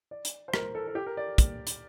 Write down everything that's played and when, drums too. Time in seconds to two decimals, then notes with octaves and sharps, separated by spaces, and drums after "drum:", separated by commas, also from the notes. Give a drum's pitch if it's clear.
0.11 D5
0.25 drum: hi-hat
0.48 C5
0.54 A#4, drum: rim click
0.75 A4
0.87 A4
0.95 G4
1.06 A#4
1.17 D5
1.38 drum: kick, hi-hat
1.67 drum: hi-hat